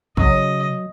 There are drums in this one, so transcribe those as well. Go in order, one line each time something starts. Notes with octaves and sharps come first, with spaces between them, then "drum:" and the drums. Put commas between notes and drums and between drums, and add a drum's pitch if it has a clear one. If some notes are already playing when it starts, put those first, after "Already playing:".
C#3 F#3 D#5, drum: kick